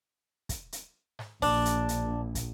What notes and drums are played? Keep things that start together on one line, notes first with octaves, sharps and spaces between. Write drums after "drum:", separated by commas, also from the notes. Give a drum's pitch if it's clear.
drum: kick, hi-hat
drum: hi-hat
drum: snare G#2
A#1 D4, drum: kick, open hi-hat
drum: hi-hat
drum: hi-hat
drum: kick, hi-hat